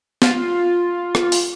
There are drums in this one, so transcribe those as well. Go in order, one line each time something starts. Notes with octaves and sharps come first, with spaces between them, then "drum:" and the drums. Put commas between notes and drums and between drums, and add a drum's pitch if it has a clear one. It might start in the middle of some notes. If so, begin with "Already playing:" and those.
F4, drum: snare
drum: rim click
drum: open hi-hat